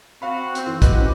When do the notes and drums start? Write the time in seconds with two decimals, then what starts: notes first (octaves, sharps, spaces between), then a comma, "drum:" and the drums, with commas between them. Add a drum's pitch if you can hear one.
0.22 C4 F#4 F5 B5
0.55 C4, drum: hi-hat
0.67 E3
0.82 F#4 G4 B4 D#5 F#5, drum: kick, hi-hat
0.99 C#4